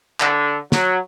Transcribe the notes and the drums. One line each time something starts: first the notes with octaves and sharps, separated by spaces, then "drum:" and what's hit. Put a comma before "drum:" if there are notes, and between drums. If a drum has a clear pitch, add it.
D3, drum: clap
F#3, drum: snare